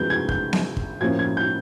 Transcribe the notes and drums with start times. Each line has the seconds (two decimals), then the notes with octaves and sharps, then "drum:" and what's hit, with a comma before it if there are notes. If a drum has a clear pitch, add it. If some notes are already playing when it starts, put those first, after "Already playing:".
Already playing: F2 C#3 F3 G#3 B3 G6
0.10 G#6
0.29 G6, drum: kick
0.53 drum: snare B3
0.77 drum: kick
1.01 A2 F3 A#3 C#4 G#6
1.19 G#6
1.37 G6